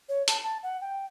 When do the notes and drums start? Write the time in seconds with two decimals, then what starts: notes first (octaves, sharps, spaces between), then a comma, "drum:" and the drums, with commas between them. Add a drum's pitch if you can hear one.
0.09 C#5
0.28 A5, drum: hi-hat
0.44 A5
0.63 F#5
0.81 G5